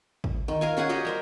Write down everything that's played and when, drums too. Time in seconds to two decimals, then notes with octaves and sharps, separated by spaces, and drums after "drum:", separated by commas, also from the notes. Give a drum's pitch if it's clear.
0.24 drum: kick
0.48 D#3
0.61 A#4 F5 G#5
0.77 C#4 G#4 F#5 G#5
0.89 F#4 G4 D5 D#5
1.05 G3 A#4 C5